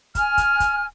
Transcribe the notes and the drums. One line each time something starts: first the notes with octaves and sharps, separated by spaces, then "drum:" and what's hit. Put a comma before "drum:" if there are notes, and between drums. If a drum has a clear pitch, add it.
G#5 F6, drum: kick, hi-hat
drum: kick, hi-hat
drum: kick, hi-hat